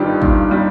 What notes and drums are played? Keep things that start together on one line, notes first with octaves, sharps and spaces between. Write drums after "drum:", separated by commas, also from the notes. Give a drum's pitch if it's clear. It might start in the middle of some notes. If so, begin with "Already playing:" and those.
Already playing: G1 G2 D#3 G3 D#4 F4 G4
G2, drum: kick
G3